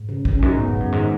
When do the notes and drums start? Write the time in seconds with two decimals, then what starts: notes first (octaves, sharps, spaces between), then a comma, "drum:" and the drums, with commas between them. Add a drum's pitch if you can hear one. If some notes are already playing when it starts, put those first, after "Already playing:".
Already playing: G#2
0.09 C#3
0.25 C#3, drum: kick A#1
0.39 E2
0.42 F#2 D#4
0.54 G#2
0.59 B3
0.68 G#2
0.76 F#2 G#3
0.92 G#2 D#3